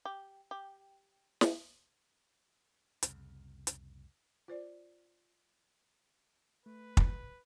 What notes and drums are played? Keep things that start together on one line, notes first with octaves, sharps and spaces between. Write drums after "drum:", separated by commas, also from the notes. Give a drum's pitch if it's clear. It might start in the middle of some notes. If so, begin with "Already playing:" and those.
G4
G4
drum: snare
C2 F2 C#3, drum: hi-hat
drum: hi-hat
F4 C5 D5
A3 B4
drum: kick